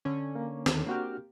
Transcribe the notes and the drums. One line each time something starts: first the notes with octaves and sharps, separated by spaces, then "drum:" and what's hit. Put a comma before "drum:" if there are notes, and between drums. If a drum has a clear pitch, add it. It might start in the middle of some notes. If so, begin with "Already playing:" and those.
D3 C#4
A#3
D#2 D#3 A4, drum: snare
A#3 C4 D4 F#4 G4 F6